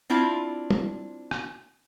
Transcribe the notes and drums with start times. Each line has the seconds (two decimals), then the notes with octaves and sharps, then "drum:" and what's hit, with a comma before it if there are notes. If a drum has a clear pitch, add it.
0.10 C4 D4 E4 F4
0.70 drum: tom
1.31 drum: rim click